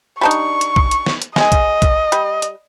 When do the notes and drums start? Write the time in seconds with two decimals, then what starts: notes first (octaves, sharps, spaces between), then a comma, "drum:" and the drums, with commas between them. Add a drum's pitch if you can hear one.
0.21 G3 D4 D#4 C#6
0.31 drum: hi-hat
0.61 drum: hi-hat
0.76 drum: kick
0.91 drum: hi-hat
1.06 drum: snare
1.22 drum: hi-hat
1.36 G#3 D#5 G#5, drum: snare
1.52 drum: kick, hi-hat
1.82 drum: kick, hi-hat
2.12 G3, drum: hi-hat
2.42 drum: hi-hat